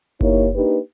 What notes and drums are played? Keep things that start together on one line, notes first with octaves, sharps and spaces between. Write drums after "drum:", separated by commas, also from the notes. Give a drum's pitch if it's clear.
A#3 D#4 E4 G4 C#5, drum: kick F#1
A#3 D4 D#4 G4 B4